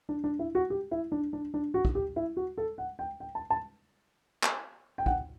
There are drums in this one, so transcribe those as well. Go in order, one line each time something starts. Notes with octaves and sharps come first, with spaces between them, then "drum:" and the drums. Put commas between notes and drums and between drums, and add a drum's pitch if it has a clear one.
D4
D4
E4
F#4
G4
E4
D4
D4
D4
F#4
drum: kick
G4
E4
F#4
A4
F#5
G5
G5
A5
A5
drum: clap
G5
F#5, drum: kick